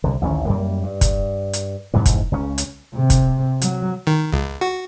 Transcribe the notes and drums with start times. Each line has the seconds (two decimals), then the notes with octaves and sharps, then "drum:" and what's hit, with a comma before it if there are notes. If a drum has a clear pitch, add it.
0.04 C2 D3
0.22 A1 D2 D#3 C#4
0.45 F#2 G3 A#3
0.83 G2
1.01 drum: kick, hi-hat
1.53 drum: hi-hat
1.94 F2 G#2 C3 E3
2.06 drum: kick, hi-hat
2.32 C#2 C#3 E3 C#4
2.58 drum: hi-hat
2.95 C3
3.10 drum: kick, hi-hat
3.62 F#3, drum: hi-hat
4.07 D#3
4.33 C#2
4.61 F#4